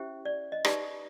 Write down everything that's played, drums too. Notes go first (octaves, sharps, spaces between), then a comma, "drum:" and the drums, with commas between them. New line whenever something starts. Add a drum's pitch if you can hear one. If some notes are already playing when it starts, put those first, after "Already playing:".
Already playing: C#4 E4 G4 C5 E5
D5
D#5
D#4 G4 B4 D5, drum: rim click